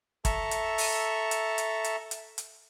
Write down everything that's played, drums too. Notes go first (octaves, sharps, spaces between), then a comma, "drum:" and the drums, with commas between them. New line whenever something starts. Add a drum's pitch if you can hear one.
A4 E5 A5 A#5 C#6, drum: kick, hi-hat
drum: hi-hat
drum: open hi-hat
drum: hi-hat
drum: hi-hat
drum: hi-hat
drum: hi-hat
drum: hi-hat